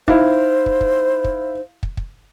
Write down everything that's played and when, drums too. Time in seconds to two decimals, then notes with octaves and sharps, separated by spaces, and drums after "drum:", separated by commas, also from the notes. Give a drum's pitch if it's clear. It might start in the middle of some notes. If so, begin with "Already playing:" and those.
0.08 D#4 E4 C5 F5, drum: kick
0.66 drum: kick
0.81 drum: kick
1.24 drum: kick
1.83 drum: kick
1.97 drum: kick